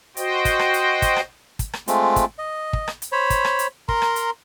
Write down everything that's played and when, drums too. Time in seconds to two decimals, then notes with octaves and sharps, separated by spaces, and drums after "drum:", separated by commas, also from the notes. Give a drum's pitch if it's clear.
0.17 F#4 C5 D#5 G5, drum: hi-hat
0.45 drum: kick, hi-hat
0.59 drum: rim click
0.74 drum: hi-hat
1.02 drum: kick, hi-hat
1.16 drum: rim click
1.59 drum: kick, hi-hat
1.73 drum: rim click
1.88 G#3 A3 C4 F4, drum: hi-hat
2.16 drum: kick, hi-hat
2.38 D#5
2.73 drum: kick
2.88 drum: rim click
3.02 drum: hi-hat
3.12 C5 C#5 B5
3.30 drum: kick, hi-hat
3.45 drum: rim click
3.59 drum: hi-hat
3.89 A#4 A#5 C6, drum: kick
4.02 drum: rim click
4.16 drum: hi-hat